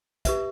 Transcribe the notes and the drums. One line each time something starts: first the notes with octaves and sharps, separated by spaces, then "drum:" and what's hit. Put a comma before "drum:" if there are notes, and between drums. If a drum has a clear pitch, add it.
G4 B4 E5, drum: kick, hi-hat